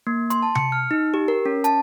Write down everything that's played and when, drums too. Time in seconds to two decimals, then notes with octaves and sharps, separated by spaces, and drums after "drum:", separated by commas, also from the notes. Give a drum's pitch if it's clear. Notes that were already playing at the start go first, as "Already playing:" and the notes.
0.07 A#3
0.30 C6, drum: hi-hat
0.42 A5
0.55 C#7, drum: tom C3
0.72 F6
0.91 D#4
1.14 G4
1.28 A#4
1.46 C#4
1.64 A5, drum: hi-hat